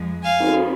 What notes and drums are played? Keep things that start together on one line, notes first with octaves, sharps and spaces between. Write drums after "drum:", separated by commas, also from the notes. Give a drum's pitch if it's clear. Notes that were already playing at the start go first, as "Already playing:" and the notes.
Already playing: F2 F3 G#3
F5 G#5
drum: cymbal